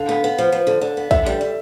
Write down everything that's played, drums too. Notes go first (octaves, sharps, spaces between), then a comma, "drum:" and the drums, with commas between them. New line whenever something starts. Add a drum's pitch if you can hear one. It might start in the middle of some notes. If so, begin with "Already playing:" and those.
Already playing: D3 F5
B3
B3
F3
F3
D3
D3
B3
D3 E5, drum: kick
G3
G3